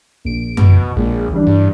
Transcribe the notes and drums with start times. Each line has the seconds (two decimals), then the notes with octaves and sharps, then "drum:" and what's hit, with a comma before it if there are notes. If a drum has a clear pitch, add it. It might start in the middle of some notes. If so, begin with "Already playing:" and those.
0.25 A#1 D7
0.57 B2, drum: tom F#2
0.97 A#1 A#2 G#3
1.32 E3 G3 D4
1.47 G2